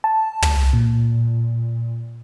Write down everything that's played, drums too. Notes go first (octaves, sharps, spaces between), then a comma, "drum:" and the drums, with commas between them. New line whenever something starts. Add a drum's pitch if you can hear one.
A5
drum: tom
A#2